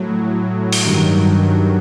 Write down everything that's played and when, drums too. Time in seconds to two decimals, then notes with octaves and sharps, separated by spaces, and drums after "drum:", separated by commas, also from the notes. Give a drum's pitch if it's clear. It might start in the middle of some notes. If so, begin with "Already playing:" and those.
Already playing: A2 F#3
0.72 drum: open hi-hat
0.84 G2 D#3